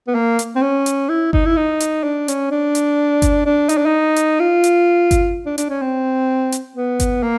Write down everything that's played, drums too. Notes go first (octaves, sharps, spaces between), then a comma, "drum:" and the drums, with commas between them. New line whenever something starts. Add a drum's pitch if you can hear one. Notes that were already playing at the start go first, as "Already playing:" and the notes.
B3
A#3
drum: hi-hat
C4
C#4
drum: hi-hat
E4
D#4, drum: kick G1
E4
D#4
drum: hi-hat
D4
C#4, drum: hi-hat
D4
drum: hi-hat
drum: kick G1, hi-hat
D4
D#4, drum: hi-hat
D4
D#4
drum: hi-hat
F4
drum: hi-hat
drum: kick G1, hi-hat
D4
D4, drum: hi-hat
C#4
C4
drum: hi-hat
B3
drum: kick G1, hi-hat
A#3